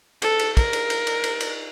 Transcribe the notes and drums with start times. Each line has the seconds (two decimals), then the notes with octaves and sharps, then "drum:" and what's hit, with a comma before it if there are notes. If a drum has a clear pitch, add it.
0.22 A4, drum: cymbal
0.39 drum: cymbal
0.57 A#4, drum: kick, cymbal
0.73 drum: cymbal
0.90 drum: cymbal
1.07 drum: cymbal
1.24 drum: cymbal
1.40 drum: cymbal